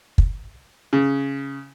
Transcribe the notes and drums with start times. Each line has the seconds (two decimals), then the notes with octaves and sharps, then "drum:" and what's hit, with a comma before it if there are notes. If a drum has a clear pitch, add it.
0.18 drum: kick
0.93 C#3